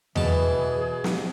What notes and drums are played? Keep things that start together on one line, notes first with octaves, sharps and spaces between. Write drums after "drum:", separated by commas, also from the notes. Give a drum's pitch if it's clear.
B2 E3 G#4 A5, drum: tom E2
drum: snare